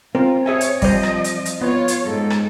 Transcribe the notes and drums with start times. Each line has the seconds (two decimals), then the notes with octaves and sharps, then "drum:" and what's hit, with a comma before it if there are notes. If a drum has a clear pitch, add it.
0.15 C4 F4 A#4
0.46 G#4 C#5 E5 G#5
0.61 drum: hi-hat
0.82 F3 G3 C5 D#5, drum: kick, open hi-hat
1.03 drum: rim click
1.24 drum: hi-hat
1.45 drum: hi-hat
1.61 B3 F4 C#5
1.88 drum: hi-hat
2.04 G#2 A4
2.30 drum: rim click